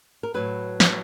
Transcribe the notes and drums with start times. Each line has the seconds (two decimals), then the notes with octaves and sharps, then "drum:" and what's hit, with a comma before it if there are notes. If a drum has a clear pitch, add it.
0.23 A#4
0.34 A2 F#3 B4
0.80 drum: snare